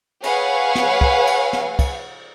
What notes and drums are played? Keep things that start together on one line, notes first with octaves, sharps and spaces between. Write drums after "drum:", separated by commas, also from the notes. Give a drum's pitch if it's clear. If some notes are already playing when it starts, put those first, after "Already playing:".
G#4 B4 C#5 F5 F#5, drum: cymbal
drum: snare
drum: kick
drum: cymbal
drum: snare
drum: kick, cymbal